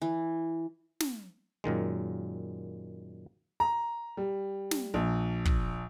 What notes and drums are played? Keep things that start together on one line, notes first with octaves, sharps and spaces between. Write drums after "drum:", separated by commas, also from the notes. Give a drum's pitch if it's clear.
E3
drum: snare
F#2 A#2 D#3 G#3
A#5
G3
drum: snare
A#1
drum: kick